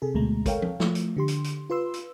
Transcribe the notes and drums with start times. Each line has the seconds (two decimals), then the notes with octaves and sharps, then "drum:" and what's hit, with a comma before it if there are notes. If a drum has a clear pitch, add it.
0.02 C3 G#4 A4
0.14 D2 B2 G#3 A3 A#5
0.46 A4 A#4 C#5 F5 G5, drum: kick, hi-hat
0.62 drum: tom
0.80 F3 A3, drum: snare
0.95 drum: hi-hat
1.17 D3 G4 C6
1.28 drum: hi-hat
1.44 drum: hi-hat
1.70 F4 B4 C6 E6
1.94 drum: hi-hat